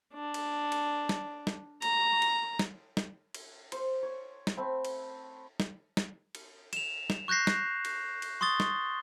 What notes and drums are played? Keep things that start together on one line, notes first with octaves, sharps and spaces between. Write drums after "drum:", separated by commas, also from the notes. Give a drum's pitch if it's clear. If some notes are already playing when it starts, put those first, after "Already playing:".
D4
drum: cymbal
drum: cymbal
drum: snare
drum: snare
A#5, drum: cymbal
drum: cymbal
drum: snare
drum: snare
drum: cymbal
C5, drum: cymbal
C#5
drum: snare
A3 C4 B5
drum: cymbal
drum: snare
drum: snare
drum: cymbal
E7 F7, drum: cymbal
drum: snare
C#6 F#6 G6 A#6 C7
drum: snare
drum: cymbal
drum: cymbal
C6 C#6 D#6 A6 G7
drum: snare